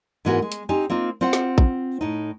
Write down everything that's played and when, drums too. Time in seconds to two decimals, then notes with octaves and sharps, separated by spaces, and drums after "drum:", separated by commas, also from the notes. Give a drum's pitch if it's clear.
0.25 G#2 E3 G#3 B3 F#4 A#4
0.42 G#3
0.52 drum: hi-hat
0.69 C4 D#4 G4 G#5
0.90 A#3 C4 D#4 F4
1.21 C4 F4 C5 F#5
1.33 drum: snare
1.58 drum: kick A#1
2.01 A2 D#4